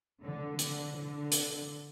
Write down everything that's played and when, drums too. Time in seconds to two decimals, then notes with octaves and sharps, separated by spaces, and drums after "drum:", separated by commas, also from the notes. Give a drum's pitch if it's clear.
0.23 D3
0.59 D3, drum: hi-hat
0.96 D3
1.32 drum: hi-hat